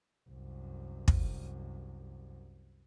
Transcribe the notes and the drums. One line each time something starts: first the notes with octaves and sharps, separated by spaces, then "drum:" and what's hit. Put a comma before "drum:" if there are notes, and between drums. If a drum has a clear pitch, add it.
C2 F#2
drum: kick